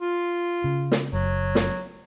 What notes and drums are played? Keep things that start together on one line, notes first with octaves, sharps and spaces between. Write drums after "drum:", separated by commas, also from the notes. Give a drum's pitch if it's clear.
F4
C#3
drum: snare
F#1 F#3
drum: snare